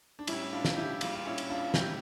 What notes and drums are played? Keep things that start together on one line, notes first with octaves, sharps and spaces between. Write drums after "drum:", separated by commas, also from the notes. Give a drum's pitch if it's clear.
D4
A2 G3 C#4 E4, drum: cymbal
D4 F4
drum: snare
E4 G4
A#2 G3 D4 F4, drum: cymbal
F4
C#4 E4
drum: cymbal
D4 F4
A2 G3 E4 G4, drum: snare